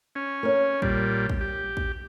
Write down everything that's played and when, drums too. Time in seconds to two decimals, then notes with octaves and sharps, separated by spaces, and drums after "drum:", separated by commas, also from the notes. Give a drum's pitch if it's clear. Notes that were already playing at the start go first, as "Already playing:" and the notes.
0.15 C#4
0.43 A#4 C#5
0.82 A#2 G3, drum: kick
1.29 drum: kick
1.41 G4
1.77 drum: kick